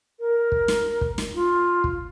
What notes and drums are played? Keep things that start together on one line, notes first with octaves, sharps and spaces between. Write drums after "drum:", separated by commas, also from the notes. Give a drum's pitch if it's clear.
A#4
drum: kick
drum: snare
drum: kick
drum: snare
F4
drum: kick